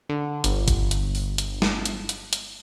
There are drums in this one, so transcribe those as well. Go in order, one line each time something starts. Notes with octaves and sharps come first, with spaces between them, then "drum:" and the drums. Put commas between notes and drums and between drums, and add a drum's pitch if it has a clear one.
D3
G1, drum: hi-hat
drum: kick, hi-hat
drum: hi-hat
drum: open hi-hat
drum: hi-hat
drum: snare
drum: hi-hat
drum: hi-hat
drum: hi-hat